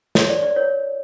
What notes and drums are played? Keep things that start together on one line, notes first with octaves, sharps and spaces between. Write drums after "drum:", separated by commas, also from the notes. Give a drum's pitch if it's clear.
C#5, drum: snare
D5
D5
E4 A#4 C#5